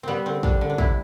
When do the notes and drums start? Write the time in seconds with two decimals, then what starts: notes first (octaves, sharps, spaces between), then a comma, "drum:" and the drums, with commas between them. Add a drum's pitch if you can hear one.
0.03 G3 B3 C4
0.26 D3 C4
0.43 G3 D4, drum: kick
0.61 D3
0.70 D4
0.78 C3 E4, drum: kick